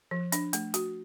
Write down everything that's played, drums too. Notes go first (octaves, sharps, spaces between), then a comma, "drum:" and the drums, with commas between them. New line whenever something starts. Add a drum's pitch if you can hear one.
F3
D4, drum: hi-hat
A3, drum: hi-hat
F#4, drum: hi-hat